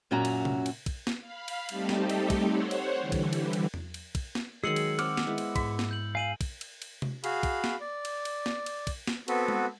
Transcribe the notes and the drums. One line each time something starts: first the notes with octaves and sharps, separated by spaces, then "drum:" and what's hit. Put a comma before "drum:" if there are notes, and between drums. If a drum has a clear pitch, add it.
F#2 A#2 C#4 F#4 E5 A#5
drum: cymbal
drum: tom C3
drum: cymbal
drum: kick, cymbal
drum: snare
F5 B5
drum: cymbal
G3 A3 C4 D#4 G4 A4, drum: cymbal
drum: snare
drum: cymbal
drum: kick, cymbal
C5 C#5 F#5
drum: cymbal
D3 E3 G3
drum: kick, cymbal
drum: cymbal
drum: cymbal
drum: tom E2
drum: cymbal
drum: kick, cymbal
drum: snare
D#3 F#3 G#3 G#4 E6 C#7 F#7
drum: cymbal
C4 F#5 D6 F6, drum: cymbal
drum: snare
G#3 B3 E4
drum: cymbal
G#2 E5, drum: kick, cymbal
drum: snare
G6 F#7
F5 G#5 D#7 F#7
drum: kick, cymbal
drum: cymbal
drum: cymbal
drum: tom C3
F#4 G#4 F5 B5, drum: cymbal
drum: kick, cymbal
drum: snare
D5
drum: cymbal
drum: cymbal
drum: snare
drum: cymbal
drum: kick, cymbal
drum: snare
B3 C4 F#4 A4 B4, drum: cymbal
drum: tom G#3